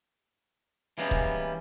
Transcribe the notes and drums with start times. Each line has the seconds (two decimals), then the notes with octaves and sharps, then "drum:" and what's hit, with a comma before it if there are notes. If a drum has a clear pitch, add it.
0.98 E3 G3 G#3 A#3 B3 C#4
1.11 drum: kick